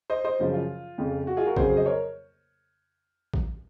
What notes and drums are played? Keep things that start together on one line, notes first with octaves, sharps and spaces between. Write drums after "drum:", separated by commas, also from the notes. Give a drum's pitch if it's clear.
C5 D#5
C5 D#5
F#2 C#3 F3
F4
F2 C#3 F3
F#4
F4 G#4
F#4 A#4
F2 C#3 F#3 G#4 C5, drum: kick A1
D#5
A#4 C#5
drum: kick A1